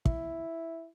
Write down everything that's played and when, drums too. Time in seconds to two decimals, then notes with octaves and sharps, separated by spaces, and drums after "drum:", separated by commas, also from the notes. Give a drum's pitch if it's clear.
0.05 E4, drum: kick